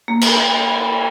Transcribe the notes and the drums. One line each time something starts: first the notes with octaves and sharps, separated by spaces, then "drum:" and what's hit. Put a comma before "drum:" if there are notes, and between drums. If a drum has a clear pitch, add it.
A#3
drum: cymbal